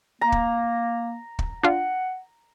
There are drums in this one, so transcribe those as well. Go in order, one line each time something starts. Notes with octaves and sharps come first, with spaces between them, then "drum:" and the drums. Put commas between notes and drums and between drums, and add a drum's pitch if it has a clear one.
A#3 A#5
drum: kick
drum: kick
D4 F4 F#5